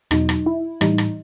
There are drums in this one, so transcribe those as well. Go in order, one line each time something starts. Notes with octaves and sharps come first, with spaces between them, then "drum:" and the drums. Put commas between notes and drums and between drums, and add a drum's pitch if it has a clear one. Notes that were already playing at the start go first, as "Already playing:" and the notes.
E2 B2 F#3 D#4, drum: rim click
drum: rim click
E4
A2 E3 G3 D#4, drum: rim click
drum: rim click